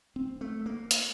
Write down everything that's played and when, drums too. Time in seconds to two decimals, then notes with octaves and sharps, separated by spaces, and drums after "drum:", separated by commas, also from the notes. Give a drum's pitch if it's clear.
0.16 C4
0.41 A3
0.66 A#3
0.91 drum: hi-hat